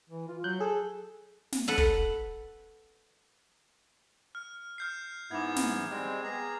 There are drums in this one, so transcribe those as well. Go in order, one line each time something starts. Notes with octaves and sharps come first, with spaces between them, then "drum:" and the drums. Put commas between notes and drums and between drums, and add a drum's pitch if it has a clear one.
E3
F4
F#3 F#6 G6
G#4 A4
drum: snare
A4 B4 F#5
drum: kick
F6
F6 G6 C7
G#2 B3 E4 D6 G#6
drum: snare
G3 G#3 C4
B3 G#4 A#5